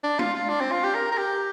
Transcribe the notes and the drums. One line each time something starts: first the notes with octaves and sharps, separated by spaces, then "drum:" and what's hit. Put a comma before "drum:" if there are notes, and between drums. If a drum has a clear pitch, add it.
D4
F4, drum: tom G#3
F4
D4
C4
F4
G4
A#4
A#4
G4